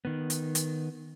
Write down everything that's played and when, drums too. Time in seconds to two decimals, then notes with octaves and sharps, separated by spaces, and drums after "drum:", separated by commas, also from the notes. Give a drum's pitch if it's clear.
0.05 D#3 B3
0.30 drum: hi-hat
0.55 drum: hi-hat